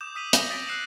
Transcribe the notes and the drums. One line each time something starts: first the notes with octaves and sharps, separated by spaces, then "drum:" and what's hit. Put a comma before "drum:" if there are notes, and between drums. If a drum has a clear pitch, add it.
D6 D#6 G6 E7
D#6 E6 B6 D#7 F7 F#7
D6 G6 A#6 C#7, drum: hi-hat
D#6 G6 A6 B6 D7
E6 F#6 C7 C#7 E7 F#7